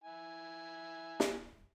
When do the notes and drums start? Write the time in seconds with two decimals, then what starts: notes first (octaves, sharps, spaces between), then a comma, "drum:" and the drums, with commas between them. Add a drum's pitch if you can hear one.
0.04 E4 G#5
1.20 drum: snare